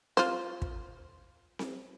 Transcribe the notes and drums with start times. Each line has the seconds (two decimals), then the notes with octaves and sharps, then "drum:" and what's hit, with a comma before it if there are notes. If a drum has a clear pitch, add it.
0.17 F4 C5, drum: snare C4
0.62 drum: kick
1.59 drum: snare C4